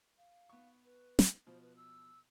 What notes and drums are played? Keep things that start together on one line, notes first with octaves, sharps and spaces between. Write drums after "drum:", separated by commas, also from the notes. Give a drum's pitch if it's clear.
F5
B3 C#6
B4
drum: snare
B2 F3 C5
B4
E6